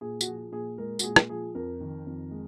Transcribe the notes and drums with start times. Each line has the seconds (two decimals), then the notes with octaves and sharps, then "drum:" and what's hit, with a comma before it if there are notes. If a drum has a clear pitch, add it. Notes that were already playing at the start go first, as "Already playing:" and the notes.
0.01 A#2 G#4
0.21 F#4, drum: tambourine
0.27 F3 G#4
0.52 A#2 G#4
0.78 G#3 A#4
0.99 F#4, drum: tambourine
1.03 A#2 G#4
1.16 drum: rim click
1.29 F3 G#4
1.55 F2 A#4
1.80 D#3
2.06 F2
2.31 G#3